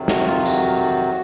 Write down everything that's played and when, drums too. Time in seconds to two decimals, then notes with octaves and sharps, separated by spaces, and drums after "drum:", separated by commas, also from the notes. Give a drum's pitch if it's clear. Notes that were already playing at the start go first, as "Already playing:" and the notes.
Already playing: F2 C3 D#3 F#3
0.08 F#4, drum: snare
0.26 F4
0.46 F#4, drum: tambourine